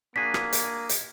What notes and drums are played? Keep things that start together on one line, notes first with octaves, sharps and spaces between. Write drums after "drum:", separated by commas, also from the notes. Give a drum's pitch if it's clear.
A#3 D4 F#4 G#4 B6
drum: rim click
drum: hi-hat
drum: hi-hat